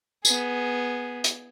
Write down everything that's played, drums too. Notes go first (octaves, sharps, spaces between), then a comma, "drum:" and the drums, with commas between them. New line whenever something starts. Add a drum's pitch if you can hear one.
B3 G#4, drum: tambourine
drum: hi-hat